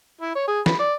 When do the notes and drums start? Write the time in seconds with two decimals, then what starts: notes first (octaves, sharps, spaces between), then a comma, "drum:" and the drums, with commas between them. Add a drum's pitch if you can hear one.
0.21 E4
0.35 C#5
0.47 G#4
0.66 B5, drum: snare
0.79 D5